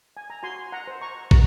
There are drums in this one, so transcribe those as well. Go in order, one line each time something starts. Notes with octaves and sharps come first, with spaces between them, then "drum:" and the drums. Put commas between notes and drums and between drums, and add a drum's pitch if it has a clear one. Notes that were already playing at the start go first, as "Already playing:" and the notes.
G#5
A#5
F#4 G#5 C6
F#5 A#5
C5
A#5 C#6
F#4 A#5 C#6, drum: kick